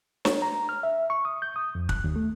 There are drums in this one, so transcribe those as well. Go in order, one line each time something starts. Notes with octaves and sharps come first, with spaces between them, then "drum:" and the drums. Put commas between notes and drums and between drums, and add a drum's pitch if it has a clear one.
C#5, drum: snare
A#5
F6
E5
C#6
D#6
G6
D#6
F2
F#6, drum: kick
D#2
A3